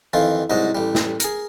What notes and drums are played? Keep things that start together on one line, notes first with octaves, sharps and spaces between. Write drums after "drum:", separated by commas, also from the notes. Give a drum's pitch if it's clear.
F2 D#3 E3 F4
C2 G#2 F#3 D#5
A1 G3
drum: snare
G#4 A#4, drum: hi-hat